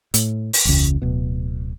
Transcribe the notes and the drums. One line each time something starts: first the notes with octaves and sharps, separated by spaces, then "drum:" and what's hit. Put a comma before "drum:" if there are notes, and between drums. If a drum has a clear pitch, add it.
A2, drum: hi-hat
drum: open hi-hat
E1 C#2
D1 B2